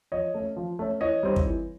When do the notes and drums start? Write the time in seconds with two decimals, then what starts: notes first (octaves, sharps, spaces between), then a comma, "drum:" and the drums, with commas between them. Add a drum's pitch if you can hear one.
0.12 F3 C#5 D#5
0.34 A3 C#4
0.56 F3
0.79 A3 C#4
1.01 E3 C#5 D#5
1.23 G3 C4 D#4
1.36 drum: kick
1.46 E3